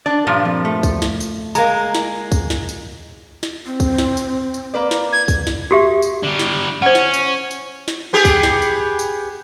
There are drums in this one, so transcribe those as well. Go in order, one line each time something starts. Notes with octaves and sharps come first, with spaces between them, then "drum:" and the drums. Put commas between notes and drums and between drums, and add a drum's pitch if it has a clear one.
D4 D5
G2 A#2 F3
F2
A3
drum: kick, tambourine
drum: snare
drum: tambourine
G#3 A#3 A#5, drum: tambourine
drum: snare
drum: kick, tambourine
drum: snare
drum: tambourine
drum: snare
C4
drum: kick, tambourine
drum: snare
drum: tambourine
drum: tambourine
A#3 B4 D5
drum: snare
G#6
drum: kick, tambourine
drum: snare
F#4 G4 E5
drum: tambourine
D3 G3
drum: snare
C#4 C5 F#5
drum: snare
drum: tambourine
drum: tambourine
drum: snare
B3 G4 G#4
drum: kick, tambourine
drum: snare
drum: tambourine
drum: tambourine